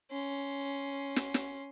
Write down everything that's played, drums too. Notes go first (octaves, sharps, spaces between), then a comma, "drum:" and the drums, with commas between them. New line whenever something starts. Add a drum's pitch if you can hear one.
C#4 C6
drum: snare
drum: snare